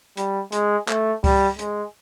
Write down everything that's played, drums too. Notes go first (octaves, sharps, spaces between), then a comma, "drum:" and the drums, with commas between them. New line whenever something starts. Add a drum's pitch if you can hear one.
G3, drum: hi-hat
G#3, drum: hi-hat
A3, drum: clap
G3, drum: kick C#2, open hi-hat
G#3, drum: hi-hat